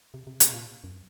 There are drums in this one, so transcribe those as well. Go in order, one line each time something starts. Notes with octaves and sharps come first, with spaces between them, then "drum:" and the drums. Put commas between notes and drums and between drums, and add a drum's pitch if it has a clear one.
C3
C3
B2, drum: hi-hat
A#2
F#2